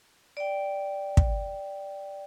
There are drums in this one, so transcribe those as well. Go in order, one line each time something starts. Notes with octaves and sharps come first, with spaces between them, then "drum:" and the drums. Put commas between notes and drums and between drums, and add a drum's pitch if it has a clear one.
D5 G5
drum: kick